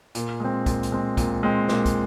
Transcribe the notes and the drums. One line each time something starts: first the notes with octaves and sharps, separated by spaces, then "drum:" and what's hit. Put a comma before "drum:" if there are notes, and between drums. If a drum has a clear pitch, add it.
A#2, drum: hi-hat
G#3 C4
A#2, drum: kick, hi-hat
drum: hi-hat
G#3 C4
A#2, drum: kick, hi-hat
G#3 C4
A#2, drum: snare
drum: kick, hi-hat